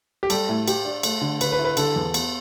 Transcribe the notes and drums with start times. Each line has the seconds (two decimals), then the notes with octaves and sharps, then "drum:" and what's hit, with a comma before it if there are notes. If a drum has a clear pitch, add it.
0.23 G4
0.30 G3 A4, drum: cymbal
0.49 A2
0.68 G4, drum: cymbal
0.85 D4
1.03 A3, drum: cymbal
1.21 D3
1.41 D3 B4, drum: cymbal
1.52 B4
1.59 E4
1.65 B4
1.77 D3 A4, drum: cymbal
1.96 E2
2.14 B3, drum: cymbal